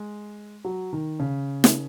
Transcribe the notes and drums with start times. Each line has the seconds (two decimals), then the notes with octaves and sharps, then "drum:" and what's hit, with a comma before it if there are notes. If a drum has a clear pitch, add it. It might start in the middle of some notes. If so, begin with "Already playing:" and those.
Already playing: G#3
0.65 F#3
0.93 D#3
1.20 C#3
1.64 drum: snare